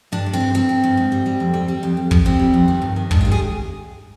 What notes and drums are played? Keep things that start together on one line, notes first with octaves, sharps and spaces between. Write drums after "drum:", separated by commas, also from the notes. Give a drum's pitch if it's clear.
G2 D4
G2
C4
G2
G2 C4
G2
G2
G#2
G3
G3
F2
G3
G3
F2
F2
F3, drum: kick
G3 C4
G3
F2
D#3
G2
D#3
G#2 D4, drum: kick
F4
G3
G#4